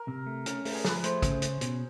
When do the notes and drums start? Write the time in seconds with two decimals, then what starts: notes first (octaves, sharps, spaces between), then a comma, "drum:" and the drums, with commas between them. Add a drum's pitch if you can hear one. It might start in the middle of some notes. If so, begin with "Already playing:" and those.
Already playing: A#4
0.08 C3
0.26 A3
0.46 C#4 A#4, drum: hi-hat
0.65 A3, drum: open hi-hat
0.75 G#4
0.85 F3 B4, drum: snare
1.04 A3 C5, drum: hi-hat
1.22 C#3, drum: kick, hi-hat
1.42 C#4, drum: hi-hat
1.61 B2, drum: hi-hat